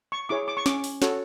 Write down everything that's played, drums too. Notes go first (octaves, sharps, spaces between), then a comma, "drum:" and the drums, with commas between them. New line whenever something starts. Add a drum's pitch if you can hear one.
C#6
E4 G#4 C#5 D6
D6
C#6
C#4 D6, drum: snare
drum: open hi-hat
F#4 A4 C#5, drum: snare